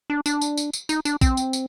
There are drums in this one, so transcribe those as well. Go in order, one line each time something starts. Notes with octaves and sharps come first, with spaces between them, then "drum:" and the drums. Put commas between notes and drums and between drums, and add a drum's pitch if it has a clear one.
D4
D4, drum: tambourine
drum: tambourine
drum: tambourine
drum: tambourine
D#4, drum: tambourine
D4, drum: tambourine
C4, drum: kick A#1, tambourine
drum: tambourine
drum: tambourine